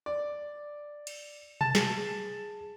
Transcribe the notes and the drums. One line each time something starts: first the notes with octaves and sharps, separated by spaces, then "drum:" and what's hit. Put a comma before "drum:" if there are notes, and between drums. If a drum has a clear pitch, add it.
D5
drum: cymbal
A5, drum: tom B2
G#4, drum: snare